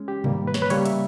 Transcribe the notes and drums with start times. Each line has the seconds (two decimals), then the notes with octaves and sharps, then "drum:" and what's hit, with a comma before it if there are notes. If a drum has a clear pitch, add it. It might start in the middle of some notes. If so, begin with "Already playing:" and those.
Already playing: G#3 C#4
0.08 G4
0.24 G#2 D#3 G3 A#3, drum: tom B2
0.47 B4
0.54 C#5, drum: snare
0.62 B4
0.70 C#3 G3 A#3 C#5, drum: cymbal
0.85 E5, drum: cymbal